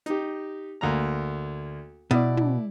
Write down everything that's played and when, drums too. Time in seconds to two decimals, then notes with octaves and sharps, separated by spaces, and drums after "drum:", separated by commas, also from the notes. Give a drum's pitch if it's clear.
0.06 D#4 G4, drum: hi-hat
0.81 D2 A#3 A#5
2.11 B2 E4 D5
2.37 drum: tom